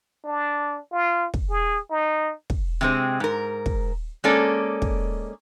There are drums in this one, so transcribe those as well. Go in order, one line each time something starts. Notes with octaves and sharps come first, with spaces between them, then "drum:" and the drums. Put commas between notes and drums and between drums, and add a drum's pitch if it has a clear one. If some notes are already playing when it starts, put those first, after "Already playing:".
D4
F4
drum: kick
G#4
D#4
drum: kick
C3 G#3 C4
G#2 A#4
drum: kick
G#3 A#3 C#4 A4 D5
drum: kick